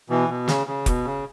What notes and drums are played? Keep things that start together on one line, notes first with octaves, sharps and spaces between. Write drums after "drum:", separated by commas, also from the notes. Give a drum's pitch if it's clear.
B2 E3
B2
C#3, drum: snare
C#3
B2, drum: kick F1, hi-hat
C#3